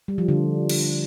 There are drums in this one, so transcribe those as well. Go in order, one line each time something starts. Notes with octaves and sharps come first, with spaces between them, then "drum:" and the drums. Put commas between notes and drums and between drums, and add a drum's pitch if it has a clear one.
G3
F3
D3
drum: cymbal